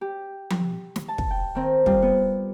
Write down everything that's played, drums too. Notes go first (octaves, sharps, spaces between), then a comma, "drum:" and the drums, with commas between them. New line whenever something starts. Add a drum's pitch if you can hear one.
G4
drum: tom F3
drum: snare
A5
drum: kick
G5
D#3 C4
G3 C4 F4, drum: kick
B3